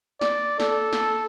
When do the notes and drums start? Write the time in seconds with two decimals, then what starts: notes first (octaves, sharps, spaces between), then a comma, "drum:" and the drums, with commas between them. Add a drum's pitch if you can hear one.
0.21 D5, drum: snare
0.60 A4, drum: snare
0.93 drum: snare